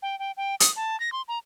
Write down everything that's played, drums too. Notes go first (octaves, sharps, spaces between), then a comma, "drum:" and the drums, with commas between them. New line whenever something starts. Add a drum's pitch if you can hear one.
G5
G5
G5
D#6, drum: hi-hat
A5
A#6
C6
A#5